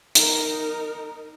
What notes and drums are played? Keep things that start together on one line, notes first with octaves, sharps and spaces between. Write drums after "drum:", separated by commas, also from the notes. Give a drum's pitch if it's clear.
D#4 A#4, drum: hi-hat